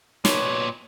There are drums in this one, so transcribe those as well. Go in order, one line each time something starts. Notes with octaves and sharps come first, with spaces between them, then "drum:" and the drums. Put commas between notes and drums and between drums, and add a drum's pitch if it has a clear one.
A#2 B3 C#5, drum: snare